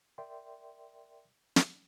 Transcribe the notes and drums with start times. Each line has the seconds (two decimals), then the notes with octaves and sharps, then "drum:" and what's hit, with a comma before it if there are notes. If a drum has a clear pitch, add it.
0.18 A#4 D5 E5 G5 C6
1.56 drum: snare